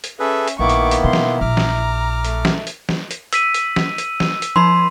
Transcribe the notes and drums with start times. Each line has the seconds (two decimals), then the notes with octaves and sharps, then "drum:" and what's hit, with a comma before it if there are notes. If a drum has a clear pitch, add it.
0.04 drum: hi-hat
0.20 C#4 G#4 A4 B4 E5
0.48 drum: hi-hat
0.59 A#1 D#3 A#3 B3 E4 C#6 D6
0.69 drum: hi-hat
0.91 drum: hi-hat
1.04 B2 C6
1.13 drum: snare
1.41 A#1 A#5 D6 F6
1.57 drum: snare
2.25 A3, drum: hi-hat
2.45 drum: snare
2.67 drum: hi-hat
2.89 drum: snare
3.11 drum: hi-hat
3.33 E6 B6 D#7, drum: hi-hat
3.54 drum: hi-hat
3.76 drum: snare
3.98 drum: hi-hat
4.20 drum: snare
4.42 drum: hi-hat
4.56 F3 D#4 B5 C6